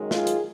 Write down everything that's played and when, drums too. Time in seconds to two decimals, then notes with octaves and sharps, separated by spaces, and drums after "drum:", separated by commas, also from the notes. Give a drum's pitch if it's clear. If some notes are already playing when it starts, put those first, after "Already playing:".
Already playing: F#2 D#3 G#3
0.11 F4 G#4, drum: snare
0.27 drum: hi-hat